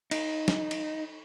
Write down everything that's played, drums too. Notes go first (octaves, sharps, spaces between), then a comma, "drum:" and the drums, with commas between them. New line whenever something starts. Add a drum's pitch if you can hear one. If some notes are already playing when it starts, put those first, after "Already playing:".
D#4, drum: cymbal
drum: snare
drum: cymbal